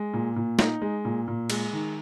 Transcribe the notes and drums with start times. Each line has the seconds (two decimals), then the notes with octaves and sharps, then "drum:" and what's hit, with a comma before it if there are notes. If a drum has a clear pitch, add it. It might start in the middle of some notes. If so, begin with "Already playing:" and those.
Already playing: G#3
0.13 A#2
0.36 A#2
0.59 D#4, drum: snare
0.82 G#3
1.05 A#2
1.28 A#2
1.50 G#3, drum: cymbal
1.73 D#3